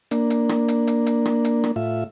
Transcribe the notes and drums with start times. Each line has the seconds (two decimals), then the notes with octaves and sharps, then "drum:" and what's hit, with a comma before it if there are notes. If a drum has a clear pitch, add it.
0.11 A#3 D4, drum: hi-hat
0.30 drum: hi-hat
0.49 drum: rim click
0.68 drum: hi-hat
0.87 drum: hi-hat
1.06 drum: hi-hat
1.25 drum: rim click
1.45 drum: hi-hat
1.64 drum: rim click
1.76 A2 F4 E5